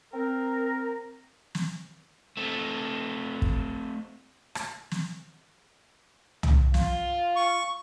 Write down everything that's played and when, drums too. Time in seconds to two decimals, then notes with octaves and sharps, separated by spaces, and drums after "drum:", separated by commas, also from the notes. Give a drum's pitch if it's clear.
0.13 C4 A#4
1.55 drum: snare
2.37 A3 C4
3.42 drum: kick
4.55 drum: rim click
4.91 drum: snare
6.43 drum: tom
6.74 F4, drum: snare
7.36 C#6